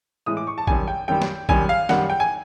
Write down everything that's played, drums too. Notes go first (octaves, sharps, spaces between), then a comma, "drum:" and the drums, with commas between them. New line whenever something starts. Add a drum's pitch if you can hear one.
A2 E3 G#3 D#6
D6
C#6
A5
F#2 D#3 G3 G#5, drum: kick A1
G5
F#2 D#3 G3 G5
drum: snare
F#2 D#3 G3 G#5, drum: kick A1
F5
F#2 D#3 G3 F#5, drum: snare
G5
G#5